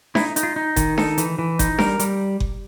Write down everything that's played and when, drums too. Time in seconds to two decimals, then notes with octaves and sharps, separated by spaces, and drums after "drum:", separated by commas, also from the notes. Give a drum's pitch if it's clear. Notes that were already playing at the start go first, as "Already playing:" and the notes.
0.15 D#4 E4, drum: snare D4
0.36 D#4, drum: hi-hat
0.43 F4
0.56 D#4
0.76 D#3, drum: kick F#1, hi-hat
0.98 D#4 A4, drum: snare D4
1.18 E3, drum: hi-hat
1.39 E3
1.59 D#4, drum: kick F#1, hi-hat
1.79 G3 A#4, drum: snare D4
1.99 G3, drum: hi-hat
2.40 drum: kick F#1